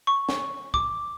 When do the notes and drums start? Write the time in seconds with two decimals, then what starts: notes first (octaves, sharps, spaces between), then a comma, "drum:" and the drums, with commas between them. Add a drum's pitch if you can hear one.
0.07 C#6
0.29 drum: snare
0.74 D6, drum: kick